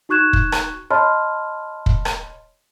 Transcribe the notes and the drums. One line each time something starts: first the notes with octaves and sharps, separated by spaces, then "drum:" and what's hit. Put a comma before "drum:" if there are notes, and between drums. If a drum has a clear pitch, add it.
D#4 F#4 C#6 F#6 G#6 E7
drum: kick
drum: rim click
C#5 D#5 A5 B5 C6 F6
drum: kick
drum: rim click